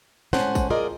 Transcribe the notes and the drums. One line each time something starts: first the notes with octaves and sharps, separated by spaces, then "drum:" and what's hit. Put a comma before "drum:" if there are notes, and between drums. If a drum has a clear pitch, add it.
A2 G#3 C#4 C5 F#5 A5, drum: snare
drum: kick, tambourine
F4 G#4 A#4 D5 D#5